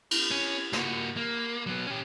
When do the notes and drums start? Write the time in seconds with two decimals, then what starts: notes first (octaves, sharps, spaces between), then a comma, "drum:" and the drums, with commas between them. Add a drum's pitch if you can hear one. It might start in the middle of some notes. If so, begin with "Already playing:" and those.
0.11 drum: cymbal
0.31 C#4
0.73 A#3 F#4, drum: snare
1.17 A#3
1.66 F#3 B3
1.87 C#4 G4